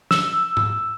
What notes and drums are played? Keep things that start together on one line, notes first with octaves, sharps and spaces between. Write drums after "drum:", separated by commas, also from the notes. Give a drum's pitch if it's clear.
E6, drum: snare
drum: tom G#2